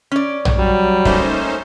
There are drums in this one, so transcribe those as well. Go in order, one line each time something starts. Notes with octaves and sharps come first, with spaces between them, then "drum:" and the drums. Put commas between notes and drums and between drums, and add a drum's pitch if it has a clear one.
C#4 D5
drum: tom A#1
F#3 G3
A3 A#3 C#4 D#4 C5, drum: kick